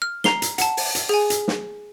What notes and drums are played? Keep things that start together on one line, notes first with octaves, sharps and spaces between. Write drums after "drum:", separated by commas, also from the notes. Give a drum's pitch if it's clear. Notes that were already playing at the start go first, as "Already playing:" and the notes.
F6
A#5 C7 G7, drum: snare
drum: hi-hat
F#5 A5, drum: hi-hat
drum: open hi-hat
drum: hi-hat
G#4 G#5
drum: hi-hat
drum: snare